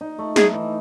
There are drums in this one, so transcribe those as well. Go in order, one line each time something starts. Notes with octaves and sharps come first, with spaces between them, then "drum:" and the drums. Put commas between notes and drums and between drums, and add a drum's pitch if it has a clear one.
D#4
A3
D#4 G#4, drum: snare
E3